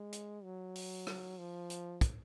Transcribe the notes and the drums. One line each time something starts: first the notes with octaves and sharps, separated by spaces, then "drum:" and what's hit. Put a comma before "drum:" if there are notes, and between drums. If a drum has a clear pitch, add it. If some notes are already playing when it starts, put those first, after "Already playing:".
Already playing: G#3
drum: hi-hat
F#3
drum: open hi-hat
drum: rim click
F3
drum: hi-hat
drum: kick, hi-hat